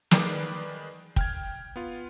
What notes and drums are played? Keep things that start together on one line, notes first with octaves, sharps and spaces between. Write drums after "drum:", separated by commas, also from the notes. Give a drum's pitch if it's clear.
D#3 G#4 B4 D5 D6 C7, drum: snare
G5 F6 G#6, drum: kick
B3 F4